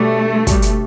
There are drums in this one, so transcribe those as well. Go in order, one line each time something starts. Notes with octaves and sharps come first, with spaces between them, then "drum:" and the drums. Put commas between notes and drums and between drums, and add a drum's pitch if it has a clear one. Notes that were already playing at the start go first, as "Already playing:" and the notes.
Already playing: B2 G3 A3 D4
B2 G3 D4, drum: kick, hi-hat
drum: hi-hat